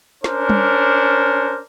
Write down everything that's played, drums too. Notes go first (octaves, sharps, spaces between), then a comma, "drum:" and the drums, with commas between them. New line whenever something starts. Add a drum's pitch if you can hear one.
C#4 D4 A#4 C5, drum: snare
drum: tom G3